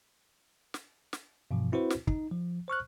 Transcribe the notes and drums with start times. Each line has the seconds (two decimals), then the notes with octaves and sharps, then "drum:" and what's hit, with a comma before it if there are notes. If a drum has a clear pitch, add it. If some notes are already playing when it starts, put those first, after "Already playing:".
0.74 drum: snare
1.13 drum: snare
1.51 G2 B2 E3 F3
1.72 C4 E4 F#4 B4 C5
1.90 drum: snare
2.07 D#4, drum: kick
2.32 F3
2.68 C5 C#6 F6 F#6